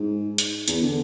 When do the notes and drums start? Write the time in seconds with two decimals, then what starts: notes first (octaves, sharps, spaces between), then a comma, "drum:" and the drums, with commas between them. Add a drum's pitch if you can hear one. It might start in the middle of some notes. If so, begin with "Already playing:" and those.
Already playing: G#2
0.38 drum: hi-hat
0.68 E2, drum: hi-hat
0.82 D3